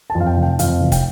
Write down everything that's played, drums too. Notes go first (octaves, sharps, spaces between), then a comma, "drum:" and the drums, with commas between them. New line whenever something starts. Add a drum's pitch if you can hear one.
A5
F2
F5
G5
F1
G5
F2 F5, drum: hi-hat
F1
G5, drum: kick, hi-hat